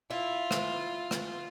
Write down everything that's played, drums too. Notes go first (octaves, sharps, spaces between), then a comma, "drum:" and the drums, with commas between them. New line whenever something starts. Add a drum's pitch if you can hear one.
E4 F4
drum: rim click
drum: rim click